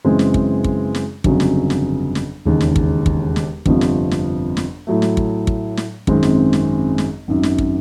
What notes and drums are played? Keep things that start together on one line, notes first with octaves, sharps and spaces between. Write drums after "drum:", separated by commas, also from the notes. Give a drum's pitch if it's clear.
F#2 C#3 E3 G#3 C4
drum: snare
drum: kick
drum: kick
drum: snare
G1 F2 C#3 F#3, drum: kick
drum: snare
drum: snare
drum: snare
E1 D#2 C#3
drum: snare
drum: kick
drum: kick
drum: snare
G1 F2 C3 F3, drum: kick
drum: snare
drum: snare
drum: snare
A2 F#3 A3
drum: snare
drum: kick
drum: kick
drum: snare
G#1 F#2 D#3 G#3 C4, drum: kick
drum: snare
drum: snare
drum: snare
G#1 F#2 D#3
drum: snare
drum: kick